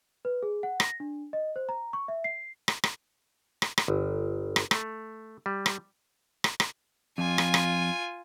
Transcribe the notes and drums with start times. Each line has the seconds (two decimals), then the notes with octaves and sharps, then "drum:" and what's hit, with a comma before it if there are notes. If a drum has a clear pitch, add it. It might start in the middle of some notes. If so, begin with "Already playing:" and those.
0.25 B4
0.43 G#4
0.63 F#5
0.80 A#6, drum: rim click
1.00 D4
1.33 D#5
1.56 C5
1.69 A#5
1.93 C#6
2.08 E5
2.24 C7
2.68 drum: rim click
2.84 drum: rim click
3.62 drum: rim click
3.78 drum: rim click
3.88 G1
4.56 drum: rim click
4.71 A3, drum: rim click
5.46 G3
5.66 drum: rim click
6.44 drum: rim click
6.60 drum: rim click
7.18 F2 F4 G#5
7.38 drum: rim click
7.54 drum: rim click